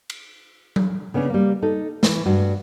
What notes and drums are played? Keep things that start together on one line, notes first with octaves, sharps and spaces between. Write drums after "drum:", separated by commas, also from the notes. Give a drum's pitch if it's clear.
drum: cymbal
drum: tom F#3
C#3 B3 C#4 D4
G3 A#3
D#4 A4
E3, drum: snare
G2 F#4